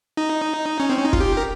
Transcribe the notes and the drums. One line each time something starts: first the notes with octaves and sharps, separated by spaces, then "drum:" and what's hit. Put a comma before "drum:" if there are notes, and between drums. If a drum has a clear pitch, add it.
D#4
C#4
C4
C#4
D#4
F4, drum: kick
G4
A#4